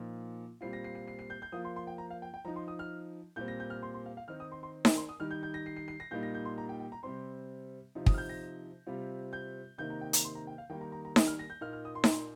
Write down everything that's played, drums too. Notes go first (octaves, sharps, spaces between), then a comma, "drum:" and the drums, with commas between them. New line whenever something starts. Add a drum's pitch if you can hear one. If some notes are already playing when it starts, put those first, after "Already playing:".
Already playing: A#2 F3 D#4
A#2 G3 C4 F4 C7
A#6
C7
C7
C7
C7
G6
G6
F3 A#3 F4 D#6
C6
C6
G5
A#5
F5
G5
G5
F3 D#4 A#5
C6
D#6
F6
A#2 G3 C4 G6
A#6
G6
F6
C6
C6
F5
F5
D#3 C4 D#4 F6
D#6
C6
C6
D#6, drum: snare D#4
C6
D#6
D#3 G3 D#4 F6
G6
G6
A#6
C7
C7
C7
A#6
A#2 G3 A#3 D#4 G6
A#6
G6
C6
A#5
G5
G5
A#5
C3 G3 C4 C6
C3 F3 D#4
D#6, drum: kick
F6
G6
A#6
C3 G3 C4 F4
G6
C3 D#3 A#3 D#4 G6
A#5
G5
A#5, drum: hi-hat
C6
A#5
G5
F5
D#3 G3 A#3 D#4 G5
A#5
A#5
A#5
D#6, drum: snare D#4
F6
A#6
G6
A#2 A#3 D#4 F6
F6
D#6
C6
A#5, drum: snare D#4
C6